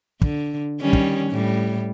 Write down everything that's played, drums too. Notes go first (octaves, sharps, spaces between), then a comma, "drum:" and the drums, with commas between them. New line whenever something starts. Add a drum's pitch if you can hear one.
D3, drum: kick
D#3 G3 C#4
drum: kick
A2 G3